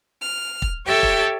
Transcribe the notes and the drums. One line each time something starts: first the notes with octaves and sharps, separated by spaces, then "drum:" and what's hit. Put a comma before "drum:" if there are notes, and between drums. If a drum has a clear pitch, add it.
F6
drum: kick
G4 A4 C#5 E5 G5
drum: kick